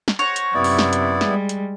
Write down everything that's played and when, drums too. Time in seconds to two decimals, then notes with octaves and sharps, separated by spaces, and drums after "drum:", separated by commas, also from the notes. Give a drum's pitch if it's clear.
0.08 drum: snare
0.19 C5 C#5 F#5 A#6
0.36 drum: hi-hat
0.54 F#2 C3 B3 E4 D5
0.64 drum: open hi-hat
0.79 drum: snare
0.93 drum: hi-hat
1.21 G3 G#3, drum: snare
1.49 drum: hi-hat